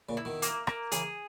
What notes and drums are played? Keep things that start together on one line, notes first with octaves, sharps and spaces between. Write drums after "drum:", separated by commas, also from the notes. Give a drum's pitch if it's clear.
A#2 C#3
E4
B2 D#3
A#3, drum: hi-hat
A#3, drum: rim click
C#3 E3 G#4, drum: hi-hat